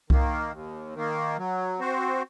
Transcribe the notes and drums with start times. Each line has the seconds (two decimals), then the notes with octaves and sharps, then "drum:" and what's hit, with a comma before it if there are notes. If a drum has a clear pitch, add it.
0.10 D#3 A#3, drum: kick C2
0.52 D#2
0.94 D#3 A#3
1.37 F#3
1.80 C4 F#4 C5